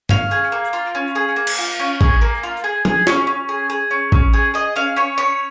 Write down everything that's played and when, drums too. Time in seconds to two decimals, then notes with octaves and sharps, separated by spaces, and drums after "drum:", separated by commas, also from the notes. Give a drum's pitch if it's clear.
0.09 C#4 F5, drum: tom G2
0.31 G#4
0.52 A#3
0.73 F4
0.95 C#4
1.15 G#4
1.36 A#3
1.47 drum: cymbal
1.59 F4
1.79 C#4
2.01 G#4, drum: kick
2.21 A#3
2.43 F4
2.64 G#4
2.85 G#4, drum: tom
3.07 C#4, drum: snare
3.27 C#4
3.49 G#4
3.70 G#4
3.91 C#4
4.12 C#4, drum: kick
4.33 G#4
4.54 G#4 D#5
4.76 C#4 F5
4.96 C#4 C#5
5.18 C#4 C#5